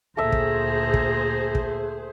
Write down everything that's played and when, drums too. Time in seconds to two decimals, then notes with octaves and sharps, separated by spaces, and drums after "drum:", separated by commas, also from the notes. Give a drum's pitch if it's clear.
0.17 D2 A#2 A3 G#4 C5 E5 A#5
0.32 drum: kick
0.94 drum: kick
1.55 drum: kick